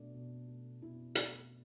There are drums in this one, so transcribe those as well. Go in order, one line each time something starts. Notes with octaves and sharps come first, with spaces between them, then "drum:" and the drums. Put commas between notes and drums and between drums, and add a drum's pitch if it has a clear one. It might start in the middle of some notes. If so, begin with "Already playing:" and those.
Already playing: B2 A3 D4
B2
A3
B2 E4
A3, drum: hi-hat